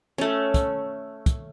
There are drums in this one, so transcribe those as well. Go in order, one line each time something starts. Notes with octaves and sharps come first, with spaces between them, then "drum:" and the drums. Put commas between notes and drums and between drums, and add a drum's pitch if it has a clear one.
A3 C#4
drum: kick, hi-hat
drum: kick, hi-hat